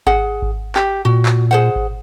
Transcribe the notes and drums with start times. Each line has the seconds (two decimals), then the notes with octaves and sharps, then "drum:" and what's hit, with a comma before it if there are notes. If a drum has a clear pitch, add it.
0.07 G#4 F#5, drum: kick G#1
0.42 drum: kick G#1
0.76 G4, drum: clap
1.05 A#2 F#4
1.26 drum: clap
1.51 G#4 C5 F#5
1.76 drum: kick G#1